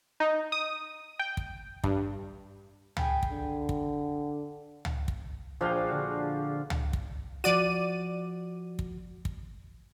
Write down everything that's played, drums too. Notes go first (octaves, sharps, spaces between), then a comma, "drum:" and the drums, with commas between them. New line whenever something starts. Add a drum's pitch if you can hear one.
D#4
D#6
G5
drum: kick
G2, drum: kick
G#4 G5 B5, drum: tom C#2
drum: kick
D3
drum: kick
drum: tom C#2
drum: kick
A#1 F3 D4 G#4 F5 G5
D3 F#4
drum: tom C#2
drum: kick
F3 F#4 D5 D#7
drum: kick
drum: kick